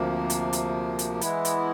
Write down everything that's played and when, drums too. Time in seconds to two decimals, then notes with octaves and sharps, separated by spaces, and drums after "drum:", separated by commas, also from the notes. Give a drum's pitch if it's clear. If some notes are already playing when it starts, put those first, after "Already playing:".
Already playing: D2 C3 F3 A#3
0.30 drum: hi-hat
0.53 drum: hi-hat
0.99 drum: hi-hat
1.21 E3 G#3 B3 E4, drum: hi-hat
1.45 drum: hi-hat